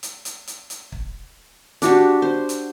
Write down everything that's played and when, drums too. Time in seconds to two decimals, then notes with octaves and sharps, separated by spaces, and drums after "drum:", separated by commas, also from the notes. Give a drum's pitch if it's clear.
0.03 drum: hi-hat
0.25 drum: hi-hat
0.48 drum: hi-hat
0.70 drum: hi-hat
0.92 drum: kick
1.82 D4 F#4 G4, drum: hi-hat
2.22 C5
2.49 drum: hi-hat